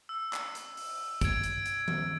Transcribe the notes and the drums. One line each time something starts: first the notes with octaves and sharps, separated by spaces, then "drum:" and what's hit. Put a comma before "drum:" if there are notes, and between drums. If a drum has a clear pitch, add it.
E6
drum: clap
drum: hi-hat
drum: open hi-hat
G#6 D7, drum: kick, hi-hat
drum: hi-hat
drum: hi-hat
drum: tom D#3